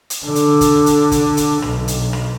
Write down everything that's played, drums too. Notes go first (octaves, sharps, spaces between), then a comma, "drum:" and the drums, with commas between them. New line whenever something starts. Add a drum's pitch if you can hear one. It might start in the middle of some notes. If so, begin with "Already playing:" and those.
drum: hi-hat
D3
drum: hi-hat
drum: kick, hi-hat
drum: hi-hat
drum: kick, hi-hat
drum: hi-hat
B1, drum: rim click
drum: hi-hat
drum: rim click